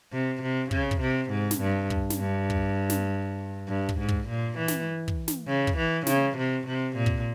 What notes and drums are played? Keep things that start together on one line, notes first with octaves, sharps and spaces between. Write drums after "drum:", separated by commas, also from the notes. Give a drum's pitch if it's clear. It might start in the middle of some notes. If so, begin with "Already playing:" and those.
C3
C3
C#3, drum: kick
drum: kick
C3
G#2
drum: snare
G2
drum: kick
drum: snare
G2
drum: kick
drum: snare
G2
drum: kick
G#2
drum: kick
A#2
E3
drum: snare
drum: kick
drum: snare
C#3
drum: kick
E3
C#3, drum: snare
C3
C3
A#2
drum: kick